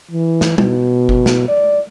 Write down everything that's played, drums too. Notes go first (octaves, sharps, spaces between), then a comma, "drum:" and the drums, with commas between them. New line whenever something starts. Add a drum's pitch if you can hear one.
E3
drum: snare
B2, drum: tom G3
drum: kick G1
drum: snare
D5